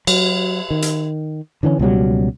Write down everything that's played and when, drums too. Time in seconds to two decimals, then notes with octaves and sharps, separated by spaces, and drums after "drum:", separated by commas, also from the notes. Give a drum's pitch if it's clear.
0.07 F#3, drum: cymbal
0.71 D#3
0.82 drum: hi-hat
1.63 D3 E3 A3 C#4
1.79 C#2 B2 F#3 G3